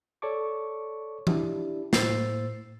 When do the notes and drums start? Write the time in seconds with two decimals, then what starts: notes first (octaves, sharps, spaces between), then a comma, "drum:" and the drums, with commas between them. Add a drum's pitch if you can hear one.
0.22 A4 C#5 D5 A5 C#6 D6
1.27 D4 E4 G4 D5, drum: tom E3
1.93 A2 A#3 C5 E6 A6 C7, drum: snare